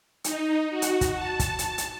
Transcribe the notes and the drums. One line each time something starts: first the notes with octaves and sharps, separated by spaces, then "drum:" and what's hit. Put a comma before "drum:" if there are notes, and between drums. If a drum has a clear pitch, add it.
D#4, drum: hi-hat
F#4
drum: hi-hat
drum: kick, hi-hat
A5
drum: kick, hi-hat
drum: hi-hat
drum: hi-hat